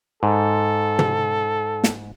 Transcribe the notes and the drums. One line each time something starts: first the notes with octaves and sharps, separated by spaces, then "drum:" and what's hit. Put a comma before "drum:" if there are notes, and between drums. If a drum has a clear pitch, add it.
G#2 A4
drum: tom
drum: snare